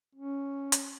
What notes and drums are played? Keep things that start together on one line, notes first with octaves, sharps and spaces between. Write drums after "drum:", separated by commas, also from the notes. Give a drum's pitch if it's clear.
C#4
drum: hi-hat